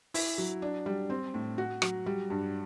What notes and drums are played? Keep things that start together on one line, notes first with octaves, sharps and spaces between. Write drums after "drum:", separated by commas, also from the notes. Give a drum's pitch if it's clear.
E4, drum: open hi-hat
F#3
D4
G3
C4
A2
F#4
F#3, drum: rim click
G3
G2